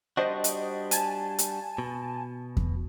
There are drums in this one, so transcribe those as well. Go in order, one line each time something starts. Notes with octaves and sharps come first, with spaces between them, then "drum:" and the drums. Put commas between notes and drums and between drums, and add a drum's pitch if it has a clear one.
G3 D4 F#4 C5 D#5
drum: hi-hat
G#5 A5, drum: hi-hat
drum: hi-hat
B2
drum: kick E2